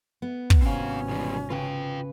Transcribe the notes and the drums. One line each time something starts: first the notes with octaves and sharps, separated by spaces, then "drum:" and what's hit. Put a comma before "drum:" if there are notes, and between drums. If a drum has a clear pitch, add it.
B3
drum: kick
G#1 C3 C4 C#4 F5
B2 E3 G3
C#3 F4 B4 F5 G5